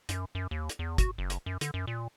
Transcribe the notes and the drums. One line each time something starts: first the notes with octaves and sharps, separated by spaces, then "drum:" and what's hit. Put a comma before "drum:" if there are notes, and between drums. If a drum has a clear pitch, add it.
F#2, drum: hi-hat
F#2
D#2
drum: hi-hat
E2
F#4, drum: kick, hi-hat
F#1
drum: hi-hat
F#2
D3, drum: hi-hat
F#2
A#2